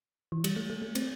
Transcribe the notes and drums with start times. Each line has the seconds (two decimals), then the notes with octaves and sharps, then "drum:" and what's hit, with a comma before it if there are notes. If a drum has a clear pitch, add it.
0.32 E3
0.44 G3, drum: cymbal
0.56 A3
0.70 A3
0.82 A3
0.95 C4, drum: cymbal